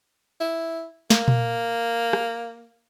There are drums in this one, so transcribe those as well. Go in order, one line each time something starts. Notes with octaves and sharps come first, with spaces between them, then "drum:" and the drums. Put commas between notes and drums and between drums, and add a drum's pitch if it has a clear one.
E4
A#3, drum: snare
drum: tom A#2
drum: rim click